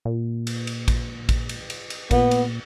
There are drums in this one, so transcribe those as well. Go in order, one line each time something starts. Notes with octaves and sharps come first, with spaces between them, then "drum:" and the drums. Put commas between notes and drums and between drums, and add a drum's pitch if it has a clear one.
A#2
drum: cymbal
drum: cymbal
drum: kick A1, cymbal
drum: kick A1, cymbal
drum: cymbal
drum: cymbal
drum: cymbal
A#2 B3, drum: kick A1, cymbal
drum: cymbal